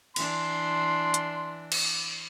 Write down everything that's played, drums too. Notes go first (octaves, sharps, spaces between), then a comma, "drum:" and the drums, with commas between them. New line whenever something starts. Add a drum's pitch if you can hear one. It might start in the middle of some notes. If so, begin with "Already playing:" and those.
E3 D4 C6, drum: cymbal
drum: hi-hat
drum: cymbal